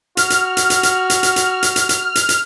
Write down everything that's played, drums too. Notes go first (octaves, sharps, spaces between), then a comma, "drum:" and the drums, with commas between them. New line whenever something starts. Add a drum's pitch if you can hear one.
F#4 F6, drum: hi-hat
drum: hi-hat
drum: hi-hat
drum: hi-hat
drum: hi-hat
drum: hi-hat
drum: hi-hat
drum: hi-hat
drum: hi-hat
drum: hi-hat
drum: hi-hat
drum: hi-hat
drum: hi-hat